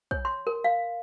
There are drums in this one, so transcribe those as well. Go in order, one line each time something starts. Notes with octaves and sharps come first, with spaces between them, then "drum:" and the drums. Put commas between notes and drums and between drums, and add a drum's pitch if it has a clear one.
C#5, drum: kick
C6
A#4
F5